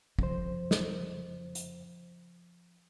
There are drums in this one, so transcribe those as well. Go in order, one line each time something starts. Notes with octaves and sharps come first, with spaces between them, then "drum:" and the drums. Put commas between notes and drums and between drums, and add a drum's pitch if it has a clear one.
F2 C#3 F3 C5, drum: kick
drum: snare
drum: hi-hat